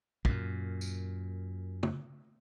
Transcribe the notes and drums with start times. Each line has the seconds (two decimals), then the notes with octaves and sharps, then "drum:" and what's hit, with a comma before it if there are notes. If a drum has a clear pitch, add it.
0.25 F#2 A#2, drum: kick
0.81 drum: tambourine
1.83 drum: tom